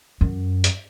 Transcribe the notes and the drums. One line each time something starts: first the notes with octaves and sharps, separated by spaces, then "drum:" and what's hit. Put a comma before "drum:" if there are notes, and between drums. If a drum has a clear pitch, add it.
F#2
drum: hi-hat